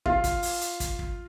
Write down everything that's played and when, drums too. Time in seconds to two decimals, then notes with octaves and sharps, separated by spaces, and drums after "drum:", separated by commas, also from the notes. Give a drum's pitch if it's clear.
0.06 F4, drum: kick
0.24 drum: kick, hi-hat
0.43 drum: open hi-hat
0.61 drum: hi-hat
0.80 drum: kick, hi-hat
0.99 drum: kick